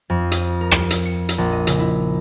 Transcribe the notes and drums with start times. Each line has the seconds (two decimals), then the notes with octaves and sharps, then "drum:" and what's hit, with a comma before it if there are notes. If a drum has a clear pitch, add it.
0.10 F2
0.32 D#6, drum: hi-hat
0.61 A#4
0.71 drum: rim click
0.90 drum: hi-hat
1.05 C#7
1.29 drum: hi-hat
1.38 A#1
1.52 D#5
1.67 C#3, drum: hi-hat
1.79 E4